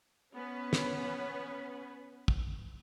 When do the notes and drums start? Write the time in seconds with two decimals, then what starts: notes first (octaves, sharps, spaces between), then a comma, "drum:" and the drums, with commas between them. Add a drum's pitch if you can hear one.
0.34 B3 C#4 B4
0.73 drum: snare
2.28 drum: kick